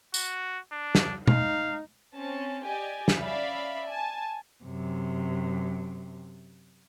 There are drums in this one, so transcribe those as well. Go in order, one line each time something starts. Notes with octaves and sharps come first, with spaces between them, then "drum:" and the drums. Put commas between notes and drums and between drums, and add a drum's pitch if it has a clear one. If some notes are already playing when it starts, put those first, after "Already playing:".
F#4, drum: tambourine
D4
drum: snare
D#4 F5, drum: tom B2
C4 C#4 A5
G4 D5 D#5 G#5
drum: snare
C#4 D5 E5 F5 B5
G#5 A5
F#2 C3